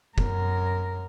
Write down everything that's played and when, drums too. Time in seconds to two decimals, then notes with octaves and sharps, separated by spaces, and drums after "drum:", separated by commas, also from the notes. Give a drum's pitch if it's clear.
0.18 F#2 A#4, drum: kick